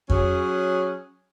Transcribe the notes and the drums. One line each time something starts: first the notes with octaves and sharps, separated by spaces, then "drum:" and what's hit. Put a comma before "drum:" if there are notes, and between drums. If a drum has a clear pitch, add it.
F#3 C#4 G#4, drum: kick F2